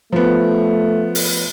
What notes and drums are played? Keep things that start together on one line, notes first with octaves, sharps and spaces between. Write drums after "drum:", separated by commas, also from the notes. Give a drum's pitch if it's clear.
F3 A3 B3
drum: open hi-hat